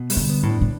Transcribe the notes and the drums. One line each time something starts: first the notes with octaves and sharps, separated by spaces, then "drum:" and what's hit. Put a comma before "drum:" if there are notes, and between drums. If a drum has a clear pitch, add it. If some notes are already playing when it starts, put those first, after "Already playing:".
Already playing: B2
G3, drum: open hi-hat
D3
B3
A2
D4
A2